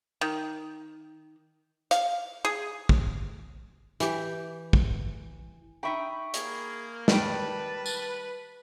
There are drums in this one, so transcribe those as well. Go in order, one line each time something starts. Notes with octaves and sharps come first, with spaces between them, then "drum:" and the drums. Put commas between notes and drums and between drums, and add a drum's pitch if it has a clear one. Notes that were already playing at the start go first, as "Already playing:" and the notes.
D#3
F5, drum: hi-hat
G#4
drum: kick
E3 G4, drum: hi-hat
drum: kick
D#4 E5 G5 B5 C#6 D#6
A#3 G#4, drum: hi-hat
D#3 G3 B4 G5 A5, drum: snare
drum: tambourine